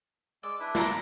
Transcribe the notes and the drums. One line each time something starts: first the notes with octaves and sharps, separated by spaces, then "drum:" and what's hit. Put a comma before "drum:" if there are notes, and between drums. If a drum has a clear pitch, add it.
G#3 D5 D6 E6
D4 E4 B4
A#4 A5 C6, drum: snare